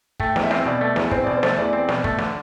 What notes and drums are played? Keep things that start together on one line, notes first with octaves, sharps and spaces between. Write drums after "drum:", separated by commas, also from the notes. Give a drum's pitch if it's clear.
A3 G5, drum: kick
E2, drum: snare
E5
C4, drum: snare
B2 D5
A3
E2, drum: snare
C4 C5, drum: kick
B2 D5
C5
A3, drum: snare
E2 D5
C4
B2, drum: snare
A3, drum: kick
D3, drum: snare